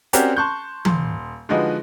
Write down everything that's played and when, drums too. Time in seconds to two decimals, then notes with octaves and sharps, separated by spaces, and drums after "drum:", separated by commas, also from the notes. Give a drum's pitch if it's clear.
0.13 C4 C#4 F#4 G4 A#4 D5, drum: hi-hat
0.37 A5 C6 C#6 F#6 G6
0.85 D#1 C6, drum: tom E3
1.49 D3 F3 G#3 D#4 F#4 B4